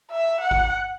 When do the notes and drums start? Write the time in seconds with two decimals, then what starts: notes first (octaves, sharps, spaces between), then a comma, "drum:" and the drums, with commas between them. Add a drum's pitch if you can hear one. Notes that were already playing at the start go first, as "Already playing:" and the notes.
0.11 E5
0.41 F#5
0.51 drum: kick G#1